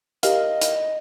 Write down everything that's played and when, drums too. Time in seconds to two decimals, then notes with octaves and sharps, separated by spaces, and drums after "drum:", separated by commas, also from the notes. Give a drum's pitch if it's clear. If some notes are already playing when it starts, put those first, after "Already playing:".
0.23 G4 A#4 D#5 F5, drum: hi-hat
0.62 drum: hi-hat